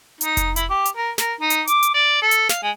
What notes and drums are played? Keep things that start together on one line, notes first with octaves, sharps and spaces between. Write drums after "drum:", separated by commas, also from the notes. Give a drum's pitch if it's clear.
D#4, drum: hi-hat
drum: kick F1, hi-hat
E4, drum: hi-hat
G4
drum: hi-hat
A#4
A#4, drum: snare
D#4
drum: hi-hat
D6, drum: hi-hat
drum: hi-hat
D5
A4
drum: hi-hat
F5, drum: snare
G#3